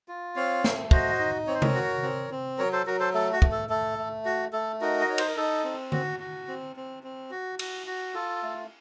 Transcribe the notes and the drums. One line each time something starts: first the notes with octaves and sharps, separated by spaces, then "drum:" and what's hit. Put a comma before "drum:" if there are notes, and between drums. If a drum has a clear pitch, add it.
F4
C4 C#5 F5
A3, drum: snare
F#4 C5 D#5, drum: kick
D#4
C4 C#5
C5
A#4 C#5, drum: tom C3
F#4
C4
C4
F#3 A#4 C#5
A4 C5
F#3 F#4 A#4
A4 C5
A3 A4
F#4
A3, drum: kick
A4
A3 A4
A3
F#4
A3 A4
D#4 F#4 A#4
D#5
D#4 C#5
C5, drum: cymbal
A#4
D#4 A4
C4
F#4, drum: tom D3
F#4
C4
C4
C4
F#4
F#4, drum: cymbal
F#4
F4 A4
A3